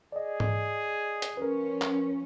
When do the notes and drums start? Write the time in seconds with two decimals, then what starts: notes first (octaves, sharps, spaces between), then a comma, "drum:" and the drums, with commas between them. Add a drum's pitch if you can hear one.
0.12 G#4 D5 D#5
0.40 drum: tom G#2
1.22 drum: hi-hat
1.37 F3 C#4 A#4 B4
1.82 drum: clap